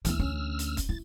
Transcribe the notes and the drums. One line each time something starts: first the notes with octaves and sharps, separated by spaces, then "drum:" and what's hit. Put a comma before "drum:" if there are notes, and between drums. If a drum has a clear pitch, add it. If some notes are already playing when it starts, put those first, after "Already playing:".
D2 E3 B3 E6 F6, drum: hi-hat
C#4
drum: hi-hat
drum: kick, hi-hat
E4 A6